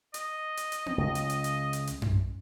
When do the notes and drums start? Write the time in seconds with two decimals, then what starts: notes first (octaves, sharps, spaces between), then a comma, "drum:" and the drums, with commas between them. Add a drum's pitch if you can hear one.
0.14 D#5, drum: hi-hat
0.57 drum: hi-hat
0.72 drum: hi-hat
0.86 drum: tom B3
0.98 C#2
1.15 drum: hi-hat
1.30 drum: hi-hat
1.44 drum: hi-hat
1.73 drum: hi-hat
1.87 drum: hi-hat
2.02 drum: tom F#2